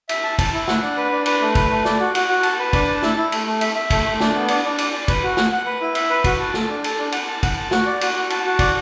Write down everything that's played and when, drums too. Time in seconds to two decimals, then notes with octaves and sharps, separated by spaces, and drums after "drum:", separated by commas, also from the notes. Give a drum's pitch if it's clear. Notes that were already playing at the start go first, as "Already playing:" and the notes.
0.09 E5, drum: cymbal
0.24 A5
0.39 A5, drum: kick, cymbal
0.53 E4
0.68 F#5, drum: snare
0.82 D4
0.97 B4
1.12 D4
1.26 B4, drum: cymbal
1.41 A3
1.55 B4, drum: kick, cymbal
1.70 A3
1.85 D5, drum: snare
2.00 F#4
2.15 F#4, drum: cymbal
2.28 F#4
2.43 A5, drum: cymbal
2.59 B4
2.73 D4, drum: kick, cymbal
2.88 A5
3.02 E4, drum: snare
3.17 E4
3.32 A3, drum: cymbal
3.46 A3
3.61 E5, drum: cymbal
3.75 E5
3.90 A3, drum: kick, cymbal
4.04 A3
4.20 D4, drum: snare
4.35 B3
4.48 D4, drum: cymbal
4.64 D4
4.78 D5, drum: cymbal
4.93 D5
5.08 B4, drum: kick, cymbal
5.23 F#4
5.37 F#5, drum: snare
5.52 F#5
5.66 B4
5.81 E4
5.95 E5, drum: cymbal
6.10 B4
6.24 F#4, drum: kick, cymbal
6.39 A5
6.54 A4, drum: snare
6.69 D4
6.84 A4, drum: cymbal
6.99 D4
7.12 F#5, drum: cymbal
7.27 A5
7.43 F#5, drum: kick, cymbal
7.57 A5
7.71 F#4, drum: snare
7.86 D5
8.01 F#4, drum: cymbal
8.15 F#4
8.30 A5, drum: cymbal
8.45 F#4
8.59 D5, drum: kick, cymbal